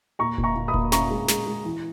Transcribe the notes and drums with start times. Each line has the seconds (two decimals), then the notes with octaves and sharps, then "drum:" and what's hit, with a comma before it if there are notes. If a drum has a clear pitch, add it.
0.19 A#2 A#5 C#6
0.38 A#2, drum: kick E1
0.43 A#5 C#6
0.56 A#2
0.68 B5 D#6
0.74 A#2, drum: kick E1
0.92 C#4 A#5 C#6, drum: snare
1.10 G#3
1.28 G#3, drum: snare
1.47 G#3
1.65 E3